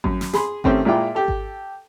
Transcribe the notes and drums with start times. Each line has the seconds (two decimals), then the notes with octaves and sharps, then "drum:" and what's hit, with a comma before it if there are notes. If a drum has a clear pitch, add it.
0.04 F#2, drum: kick G#1
0.21 drum: snare
0.33 G#4 B5 C6, drum: snare
0.64 D#3 A3 C4 C#4 G4, drum: kick G#1
0.85 A#2 G#3 E4 F4 G5 D6
1.15 G4 A4
1.28 drum: kick G#1